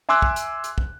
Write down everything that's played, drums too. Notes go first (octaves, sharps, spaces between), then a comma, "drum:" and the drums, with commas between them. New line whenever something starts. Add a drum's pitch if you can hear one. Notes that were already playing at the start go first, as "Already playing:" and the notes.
E5 G#5 C6 D6 E6 F#6
drum: kick
drum: hi-hat
drum: hi-hat
drum: kick